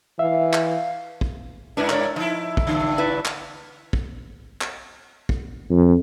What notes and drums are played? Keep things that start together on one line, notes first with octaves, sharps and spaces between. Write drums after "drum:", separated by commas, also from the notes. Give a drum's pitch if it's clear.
E3 E5 F5
drum: clap
drum: kick
G2 D4 B4
A#4 C#5 D5, drum: clap
F3 D#4 E4
drum: kick
G2 C#3
E4 B4 D5
drum: clap
drum: kick
drum: clap
drum: kick
F2